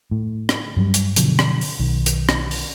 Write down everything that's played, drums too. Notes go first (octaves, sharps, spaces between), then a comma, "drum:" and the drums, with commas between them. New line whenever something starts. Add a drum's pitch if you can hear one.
A2
drum: rim click
G2 F#3 G3
drum: hi-hat
B2 D3 F3 F#3, drum: hi-hat
drum: rim click
drum: open hi-hat
B1 D#3
drum: hi-hat
drum: rim click
drum: open hi-hat